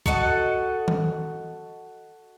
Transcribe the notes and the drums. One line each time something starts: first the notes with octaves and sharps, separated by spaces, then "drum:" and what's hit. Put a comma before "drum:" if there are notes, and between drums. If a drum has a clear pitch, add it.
F#4 A4 D#5 F#5, drum: kick B1
drum: tom D#3